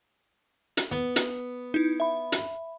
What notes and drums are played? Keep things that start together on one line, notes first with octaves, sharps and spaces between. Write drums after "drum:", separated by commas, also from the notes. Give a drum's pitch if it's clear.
drum: hi-hat
B3
drum: hi-hat
D#4 E4
E5 B5
drum: hi-hat